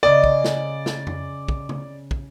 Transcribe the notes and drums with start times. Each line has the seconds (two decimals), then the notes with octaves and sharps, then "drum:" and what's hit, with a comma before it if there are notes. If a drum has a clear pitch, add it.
0.03 C#3 D5 D#5
0.24 drum: kick
0.44 drum: snare
0.86 drum: snare
1.07 drum: tom F2
1.48 drum: kick
1.69 drum: tom C#3
2.11 drum: kick